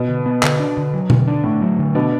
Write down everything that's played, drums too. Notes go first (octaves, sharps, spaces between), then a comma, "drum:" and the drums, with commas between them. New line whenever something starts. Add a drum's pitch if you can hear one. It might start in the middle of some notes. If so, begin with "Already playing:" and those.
Already playing: B2
D3
B3
D3, drum: clap
D4
D3
F#3
D3, drum: tom B2
D4
A2 D3
F#3
D3
B2 D4